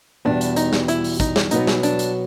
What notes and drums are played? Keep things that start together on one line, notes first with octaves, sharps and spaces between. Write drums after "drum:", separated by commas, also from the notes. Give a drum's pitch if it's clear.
E2 B2 G3 D4
drum: hi-hat
D#4, drum: hi-hat
drum: snare
E4, drum: hi-hat
drum: open hi-hat
D#4, drum: kick, hi-hat
drum: snare
B2 F#3 B3 D#4, drum: hi-hat
drum: snare
D4, drum: hi-hat
drum: hi-hat